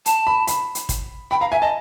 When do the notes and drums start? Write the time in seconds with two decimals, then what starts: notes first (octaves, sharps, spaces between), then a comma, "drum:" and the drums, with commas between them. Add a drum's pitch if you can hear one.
0.06 A5, drum: hi-hat
0.27 B5
0.47 B5, drum: hi-hat
0.75 drum: hi-hat
0.89 drum: kick, hi-hat
1.31 G5 B5
1.41 F5 A#5
1.51 E5 G#5
1.62 D#5 A5